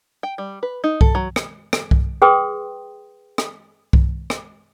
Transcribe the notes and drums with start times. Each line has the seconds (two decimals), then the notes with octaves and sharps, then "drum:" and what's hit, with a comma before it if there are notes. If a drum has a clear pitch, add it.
0.23 G5
0.38 G3
0.63 B4
0.84 D#4
1.01 A4, drum: kick C2
1.15 F#3
1.36 drum: rim click
1.73 drum: rim click
1.91 drum: kick C2
2.22 G#4 B4 G5 C6 D#6
3.38 drum: rim click
3.93 drum: kick C2
4.30 drum: rim click